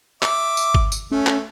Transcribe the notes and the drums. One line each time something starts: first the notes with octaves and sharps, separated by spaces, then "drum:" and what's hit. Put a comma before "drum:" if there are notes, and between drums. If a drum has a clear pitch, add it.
E5 D6, drum: clap
drum: tambourine
drum: kick G1
drum: tambourine
A3 C#4
drum: clap